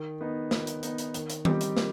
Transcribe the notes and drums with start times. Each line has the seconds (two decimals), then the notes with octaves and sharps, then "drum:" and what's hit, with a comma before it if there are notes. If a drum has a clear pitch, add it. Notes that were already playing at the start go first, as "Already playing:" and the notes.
Already playing: D#3
0.21 B3 D#4
0.51 D#3, drum: snare
0.67 drum: hi-hat
0.83 B3 D#4, drum: hi-hat
0.98 drum: hi-hat
1.14 D#3, drum: hi-hat
1.30 drum: hi-hat
1.45 G3 C4 D#4 G4, drum: tom D#3
1.61 drum: hi-hat
1.77 D#3, drum: snare